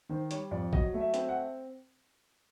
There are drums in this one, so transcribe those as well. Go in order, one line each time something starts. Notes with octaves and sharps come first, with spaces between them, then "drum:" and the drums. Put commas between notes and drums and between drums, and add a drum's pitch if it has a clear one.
D#3 C5
G3 C#5, drum: hi-hat
F2 D5
F#3 D#5, drum: kick A1
A3
E5
C4, drum: hi-hat
F#5